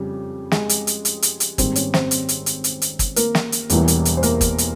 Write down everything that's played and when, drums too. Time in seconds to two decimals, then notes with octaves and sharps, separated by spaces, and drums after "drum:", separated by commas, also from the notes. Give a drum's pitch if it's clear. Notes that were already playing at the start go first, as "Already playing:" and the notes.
Already playing: F2 C#3 G3 G4
0.51 G#3 G#4, drum: snare
0.69 drum: hi-hat
0.87 drum: hi-hat
1.05 drum: hi-hat
1.22 drum: hi-hat
1.40 drum: hi-hat
1.58 G#1 G#2 G3 A#3 C4 C5, drum: kick, hi-hat
1.76 C#4 C#5, drum: hi-hat
1.94 C4 C5, drum: snare
2.11 drum: hi-hat
2.29 drum: hi-hat
2.46 drum: hi-hat
2.64 drum: hi-hat
2.82 drum: hi-hat
2.99 drum: kick, hi-hat
3.16 A#3 A#4, drum: hi-hat
3.35 drum: snare
3.52 drum: hi-hat
3.70 E1 E2 E3 G3 A#3, drum: hi-hat
3.88 drum: hi-hat
4.05 drum: hi-hat
4.17 C5
4.23 A#3 A#4, drum: hi-hat
4.41 drum: kick, hi-hat
4.58 drum: hi-hat